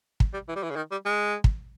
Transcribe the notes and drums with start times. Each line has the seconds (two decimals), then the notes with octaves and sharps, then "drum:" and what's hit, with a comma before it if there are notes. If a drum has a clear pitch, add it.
0.20 drum: kick
0.34 G3
0.48 E3
0.56 G3
0.63 E3
0.70 C#3
0.76 D#3
0.91 G3
1.05 G#3
1.44 drum: kick